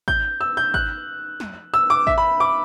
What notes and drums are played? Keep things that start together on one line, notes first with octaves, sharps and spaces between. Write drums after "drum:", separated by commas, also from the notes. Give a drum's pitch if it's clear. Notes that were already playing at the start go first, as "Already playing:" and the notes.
G6, drum: kick G#1
E6
G6
F#6, drum: kick G#1
drum: snare
E6
D6
E5, drum: kick G#1
B5
D6